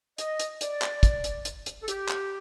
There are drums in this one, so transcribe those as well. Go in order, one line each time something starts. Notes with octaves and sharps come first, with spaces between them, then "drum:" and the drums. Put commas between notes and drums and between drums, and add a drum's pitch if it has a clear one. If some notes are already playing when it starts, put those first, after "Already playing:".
D#5, drum: hi-hat
drum: hi-hat
D5, drum: hi-hat
drum: clap
drum: kick, hi-hat
drum: hi-hat
drum: hi-hat
drum: hi-hat
A4
G4, drum: hi-hat
drum: clap